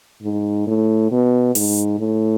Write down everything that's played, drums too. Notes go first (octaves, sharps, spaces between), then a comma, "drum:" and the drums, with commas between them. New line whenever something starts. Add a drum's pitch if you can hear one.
G#2
A2
B2
G#2, drum: open hi-hat
A2